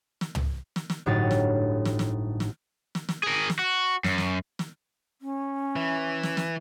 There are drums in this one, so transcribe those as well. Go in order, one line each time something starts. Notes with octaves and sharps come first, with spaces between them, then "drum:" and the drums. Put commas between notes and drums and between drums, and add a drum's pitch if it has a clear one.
drum: snare
drum: tom
drum: snare
drum: snare
G1 A2 F#3 D#4 A6
drum: snare
drum: snare
drum: snare
drum: snare
drum: snare
drum: snare
G#4 A#4
drum: snare
F#4
F#2, drum: snare
drum: snare
drum: snare
C#4
E3
drum: snare
drum: snare